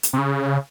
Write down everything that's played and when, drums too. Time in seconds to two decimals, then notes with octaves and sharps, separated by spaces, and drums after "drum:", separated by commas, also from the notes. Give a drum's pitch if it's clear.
0.03 drum: hi-hat
0.13 C3
0.18 C#3